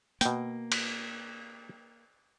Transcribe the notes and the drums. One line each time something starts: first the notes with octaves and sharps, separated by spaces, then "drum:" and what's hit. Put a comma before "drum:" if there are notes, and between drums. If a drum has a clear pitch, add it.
B2 A#3 G5, drum: hi-hat
drum: cymbal